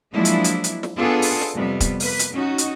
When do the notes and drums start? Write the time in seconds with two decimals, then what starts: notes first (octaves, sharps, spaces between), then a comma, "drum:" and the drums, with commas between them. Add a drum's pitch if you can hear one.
0.14 F3 F#3 G#3 A#3 D4 E4
0.25 drum: hi-hat
0.44 drum: hi-hat
0.64 drum: hi-hat
0.83 drum: snare
0.98 B3 D4 F4 G#4 A4
1.22 drum: open hi-hat
1.42 drum: snare
1.54 F2 C3 G3 B3
1.80 drum: kick, hi-hat
2.00 A#3 B4, drum: open hi-hat
2.19 drum: hi-hat
2.33 C#4 D#4 F#4
2.58 drum: hi-hat